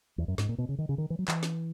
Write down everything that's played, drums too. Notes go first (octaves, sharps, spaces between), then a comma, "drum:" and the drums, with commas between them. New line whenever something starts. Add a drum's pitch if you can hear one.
E2
F#2
G#2, drum: snare
A#2
B2
C#3
D#3
C#3
D#3
E3
F#3
E3, drum: clap
drum: snare